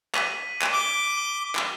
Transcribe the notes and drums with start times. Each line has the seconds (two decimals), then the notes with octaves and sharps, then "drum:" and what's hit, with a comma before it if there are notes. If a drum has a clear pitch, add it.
0.15 B6 D#7 F#7, drum: clap
0.62 drum: clap
0.73 D6 G7
1.17 G7
1.55 drum: clap